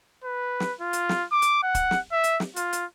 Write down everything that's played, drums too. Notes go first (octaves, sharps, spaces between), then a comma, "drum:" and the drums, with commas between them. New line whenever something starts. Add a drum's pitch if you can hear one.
B4
drum: snare
F4
drum: hi-hat
drum: snare
D6
drum: hi-hat
F#5
drum: kick, hi-hat
drum: snare
E5
drum: hi-hat
drum: snare
F4, drum: hi-hat
drum: hi-hat